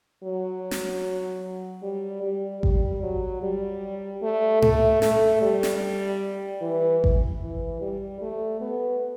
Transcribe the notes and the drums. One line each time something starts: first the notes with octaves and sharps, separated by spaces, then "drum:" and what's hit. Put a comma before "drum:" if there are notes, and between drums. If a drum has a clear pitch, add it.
F#3
drum: snare
G3
G3
G3, drum: kick G#1
F#3
G3
A3
A3, drum: tom G#2
A3, drum: snare
G3
drum: snare
E3
drum: kick G#1
E3
G3
A3
B3